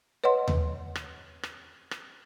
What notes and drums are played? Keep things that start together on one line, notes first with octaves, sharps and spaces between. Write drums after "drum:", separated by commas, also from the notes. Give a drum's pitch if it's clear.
B4 C#5 D#5 F#5 C6
drum: tom D#2
drum: rim click
drum: rim click
drum: rim click